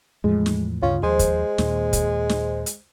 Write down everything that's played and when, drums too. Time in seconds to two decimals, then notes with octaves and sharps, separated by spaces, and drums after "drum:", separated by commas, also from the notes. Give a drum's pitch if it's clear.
0.24 E2 A2 F3 G#3
0.46 drum: snare
0.83 D2 G2 C#3 C#4 F4
1.03 D#2 F3 G#3 C5
1.19 drum: kick, hi-hat
1.58 D#2 A#2, drum: snare
1.93 drum: kick, hi-hat
2.29 drum: snare
2.66 drum: hi-hat